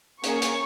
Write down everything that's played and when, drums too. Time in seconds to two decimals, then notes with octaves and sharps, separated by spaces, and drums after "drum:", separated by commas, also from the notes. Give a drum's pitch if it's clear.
0.24 A#3 C#4 G#4 C#6, drum: hi-hat
0.42 drum: hi-hat